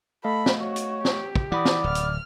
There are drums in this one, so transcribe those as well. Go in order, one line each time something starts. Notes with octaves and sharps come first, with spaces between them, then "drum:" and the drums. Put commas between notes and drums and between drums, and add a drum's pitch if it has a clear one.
A3 A4 D#5 F5 B5
drum: snare
F#4 C#5
drum: hi-hat
G4, drum: snare
drum: kick
E3 D5 F#5 B5 D#6
drum: snare
D1 F6
drum: hi-hat